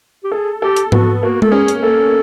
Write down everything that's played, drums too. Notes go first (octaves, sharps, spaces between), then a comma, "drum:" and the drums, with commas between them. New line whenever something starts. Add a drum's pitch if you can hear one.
G4
G#4 A4
G4 A4
drum: hi-hat
B3 F#4, drum: tom G#2
A#3 F#4
A4, drum: tom G#3
C#4 G#4
drum: hi-hat
A#3 A4